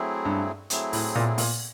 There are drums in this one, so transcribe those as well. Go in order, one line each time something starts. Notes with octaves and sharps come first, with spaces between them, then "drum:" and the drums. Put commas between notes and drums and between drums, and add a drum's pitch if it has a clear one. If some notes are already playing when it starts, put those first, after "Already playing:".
Already playing: F#3 A3 C4 E4 G#4
G2
F#3 A3 C4 E4 G#4, drum: hi-hat
A2, drum: open hi-hat
A#2
A#2, drum: open hi-hat